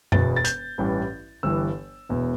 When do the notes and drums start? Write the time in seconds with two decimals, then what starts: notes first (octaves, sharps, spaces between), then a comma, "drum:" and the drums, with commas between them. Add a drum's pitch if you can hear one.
0.12 E1 E2 B2 A6, drum: tom F#2
0.36 A6
0.44 G6, drum: hi-hat
0.78 A1 G2 E3
1.43 G1 G2 E3 E6
2.09 E1 E2 B2